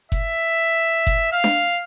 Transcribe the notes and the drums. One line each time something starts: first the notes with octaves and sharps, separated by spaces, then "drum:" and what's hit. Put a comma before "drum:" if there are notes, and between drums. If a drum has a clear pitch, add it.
E5, drum: kick F#1
drum: kick F#1
F5
drum: snare D4